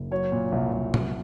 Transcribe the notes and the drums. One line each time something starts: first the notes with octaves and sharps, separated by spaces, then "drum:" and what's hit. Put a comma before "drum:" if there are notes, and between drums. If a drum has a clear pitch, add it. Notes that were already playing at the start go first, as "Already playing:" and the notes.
Already playing: F#1
F#3 C#5
A#2
C2
C2
F#3, drum: tom